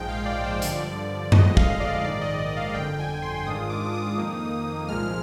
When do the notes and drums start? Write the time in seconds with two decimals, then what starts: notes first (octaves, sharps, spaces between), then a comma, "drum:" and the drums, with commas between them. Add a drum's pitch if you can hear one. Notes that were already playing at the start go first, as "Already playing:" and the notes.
Already playing: A#1 G#2 F3 G#3 G5
0.09 F5
0.26 D5
0.43 C5
0.62 G2 D3 F3 D5, drum: hi-hat
1.32 F2 D3 G#3 D#5, drum: tom F#2
1.57 F5, drum: kick
1.80 D5
2.03 A#1 G#2 D#3 D5
2.21 D#5
2.40 D5
2.57 F5
2.74 G1 F2 D3 G5
2.99 G#5
3.22 C6
3.47 G#2 D#3 G#3 D4 F4 D#6
3.70 D6
3.83 D6
3.94 D#6
4.18 F2 D#3 A#3 D#4 D#6
4.88 C2 A#2 F3 G#3 F6